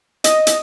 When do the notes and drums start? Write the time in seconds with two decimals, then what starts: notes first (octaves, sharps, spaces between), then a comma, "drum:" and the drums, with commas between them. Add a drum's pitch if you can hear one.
0.24 D#5, drum: hi-hat
0.47 drum: hi-hat